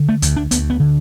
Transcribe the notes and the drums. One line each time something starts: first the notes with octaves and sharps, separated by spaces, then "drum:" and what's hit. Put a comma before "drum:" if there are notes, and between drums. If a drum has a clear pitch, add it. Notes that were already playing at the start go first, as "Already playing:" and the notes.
Already playing: D3
A3
D2, drum: hi-hat
D4
D2 B3, drum: hi-hat
B3
D3